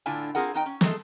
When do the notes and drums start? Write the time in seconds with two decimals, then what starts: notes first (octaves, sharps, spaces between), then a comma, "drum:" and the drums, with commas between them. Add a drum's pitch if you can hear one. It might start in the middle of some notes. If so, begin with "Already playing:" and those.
0.06 A2 D3 D4 E4 F4 G#5
0.35 C4 F4 G#4 A#4 F#5
0.54 F2 D#4 G5
0.66 C#4
0.81 G#3 A3 G#4 A4, drum: snare